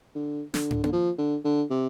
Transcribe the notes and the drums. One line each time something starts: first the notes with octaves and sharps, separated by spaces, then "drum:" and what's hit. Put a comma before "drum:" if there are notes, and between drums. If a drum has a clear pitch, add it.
D3
D3, drum: snare
drum: tom
D3, drum: tom
F3
D3
D3
C3